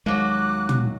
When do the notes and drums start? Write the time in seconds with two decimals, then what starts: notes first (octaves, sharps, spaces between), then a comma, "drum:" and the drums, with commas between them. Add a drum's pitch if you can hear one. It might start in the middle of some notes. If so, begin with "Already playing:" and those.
0.06 D#2 F#3 G#3 F#4 D6 F#6
0.69 drum: tom